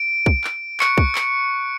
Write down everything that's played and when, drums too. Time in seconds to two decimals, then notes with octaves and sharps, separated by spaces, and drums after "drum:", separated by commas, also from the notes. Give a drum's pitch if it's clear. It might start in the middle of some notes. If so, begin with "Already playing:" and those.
Already playing: D7
0.26 drum: kick
0.44 drum: clap
0.80 C#6 F#6 C#7, drum: clap
0.98 drum: kick
1.15 drum: clap